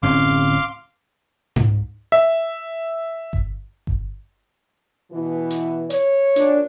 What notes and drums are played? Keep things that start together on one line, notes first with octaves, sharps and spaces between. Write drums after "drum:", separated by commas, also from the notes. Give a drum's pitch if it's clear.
D1 C4 C#4 F5 C6 D6
drum: tom G#2
E5
drum: kick G1
drum: kick G1
B2 E3
drum: hi-hat
C#5, drum: hi-hat
A#2 D4, drum: hi-hat